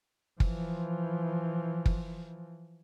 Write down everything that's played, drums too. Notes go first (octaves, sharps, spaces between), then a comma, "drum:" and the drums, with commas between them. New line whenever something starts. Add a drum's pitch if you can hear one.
E3 F3, drum: kick
drum: kick